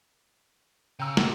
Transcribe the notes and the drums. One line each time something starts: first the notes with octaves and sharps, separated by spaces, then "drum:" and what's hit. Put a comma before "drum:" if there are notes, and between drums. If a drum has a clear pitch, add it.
C#3 G5 A#5 E6
G2 A#2 F#4, drum: snare